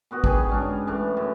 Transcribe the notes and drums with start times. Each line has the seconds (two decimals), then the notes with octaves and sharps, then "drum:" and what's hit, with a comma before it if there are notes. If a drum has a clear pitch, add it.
0.11 A#2 B3 F#4
0.24 D4 G4 G#4 B4, drum: kick
0.49 G#3 C#4 D4
0.87 A2 E3 D4
1.17 F#2